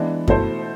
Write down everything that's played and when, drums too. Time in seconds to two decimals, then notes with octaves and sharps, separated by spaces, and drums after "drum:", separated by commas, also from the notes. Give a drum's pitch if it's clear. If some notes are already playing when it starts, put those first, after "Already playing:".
Already playing: E3 G#3 B3 D4
0.28 B2 A3 E4 A4 C5, drum: kick F#2